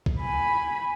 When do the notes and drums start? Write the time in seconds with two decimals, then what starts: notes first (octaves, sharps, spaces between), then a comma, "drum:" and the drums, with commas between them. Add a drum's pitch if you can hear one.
0.06 drum: kick
0.21 G#5 B5